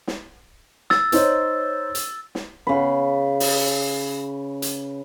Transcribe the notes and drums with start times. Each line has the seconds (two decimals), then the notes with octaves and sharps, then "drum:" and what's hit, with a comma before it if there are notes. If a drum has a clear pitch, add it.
0.07 drum: snare
0.90 E6 A6, drum: snare
1.12 D#4 C5 C#5, drum: hi-hat
1.95 drum: hi-hat
2.35 drum: snare
2.67 C#3 B4
3.40 drum: open hi-hat
4.62 drum: hi-hat